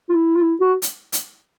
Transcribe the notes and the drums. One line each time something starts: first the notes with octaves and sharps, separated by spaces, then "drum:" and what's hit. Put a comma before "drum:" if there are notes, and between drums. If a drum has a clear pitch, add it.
F4
E4
F4
E4
F#4
drum: hi-hat
drum: hi-hat